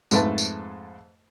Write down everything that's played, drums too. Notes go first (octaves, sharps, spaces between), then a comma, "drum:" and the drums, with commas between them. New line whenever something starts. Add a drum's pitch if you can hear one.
F2 G#2 A3 B4 A5, drum: tambourine
drum: tambourine